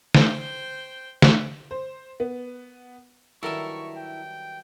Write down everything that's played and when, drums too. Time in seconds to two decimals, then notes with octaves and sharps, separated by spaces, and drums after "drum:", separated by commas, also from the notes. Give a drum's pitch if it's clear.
0.14 C5 G5, drum: snare
1.22 drum: snare
1.71 C5
2.20 B3
3.43 G2 D#3 F#3 E4 A4 A#4 E5 C#6
3.97 G5